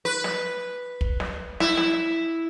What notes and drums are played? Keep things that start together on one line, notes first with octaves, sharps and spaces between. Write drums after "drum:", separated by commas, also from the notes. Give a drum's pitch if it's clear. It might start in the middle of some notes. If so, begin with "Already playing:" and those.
B4
drum: snare
drum: kick
drum: snare
E4, drum: snare
drum: snare